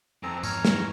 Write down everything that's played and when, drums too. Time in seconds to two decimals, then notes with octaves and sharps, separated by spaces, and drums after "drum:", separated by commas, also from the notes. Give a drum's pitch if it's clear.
0.23 F2 E3 C4 A4 G#5 A#5
0.43 G#2 C#5 A#5 F6, drum: tambourine
0.65 drum: snare